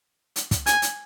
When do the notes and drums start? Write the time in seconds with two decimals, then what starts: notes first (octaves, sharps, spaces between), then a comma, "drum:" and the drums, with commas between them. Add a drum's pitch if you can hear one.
0.36 drum: hi-hat
0.51 drum: kick, hi-hat
0.66 G#5, drum: hi-hat
0.82 drum: hi-hat